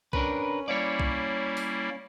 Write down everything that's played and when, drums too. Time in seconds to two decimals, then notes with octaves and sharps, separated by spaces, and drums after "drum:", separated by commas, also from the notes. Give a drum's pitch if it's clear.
0.13 C#4 D4 A#4 B4, drum: kick B1
0.68 G3 A#3 E4 C#5 D5
1.00 drum: kick B1
1.57 drum: open hi-hat